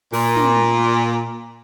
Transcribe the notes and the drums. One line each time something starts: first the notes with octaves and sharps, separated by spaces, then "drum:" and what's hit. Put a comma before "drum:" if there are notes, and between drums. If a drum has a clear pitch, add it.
A#2, drum: open hi-hat
drum: tom